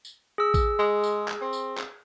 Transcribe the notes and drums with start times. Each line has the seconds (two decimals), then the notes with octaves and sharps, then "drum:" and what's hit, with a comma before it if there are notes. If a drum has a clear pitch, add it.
0.05 drum: tambourine
0.38 G#4 E6
0.54 drum: kick A1, tambourine
0.79 G#3
1.03 drum: tambourine
1.28 drum: clap
1.41 C4
1.53 drum: tambourine
1.77 drum: clap